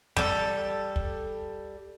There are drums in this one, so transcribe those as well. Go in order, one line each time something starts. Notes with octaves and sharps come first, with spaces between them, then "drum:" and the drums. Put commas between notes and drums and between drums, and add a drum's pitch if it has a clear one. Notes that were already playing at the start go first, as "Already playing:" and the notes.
G3 A4, drum: snare
drum: kick